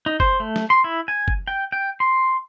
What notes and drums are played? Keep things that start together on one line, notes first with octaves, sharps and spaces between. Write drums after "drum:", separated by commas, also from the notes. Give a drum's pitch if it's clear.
D#4
C5, drum: kick
A3
drum: snare
C6
E4
G#5
drum: kick
G5
G5
C6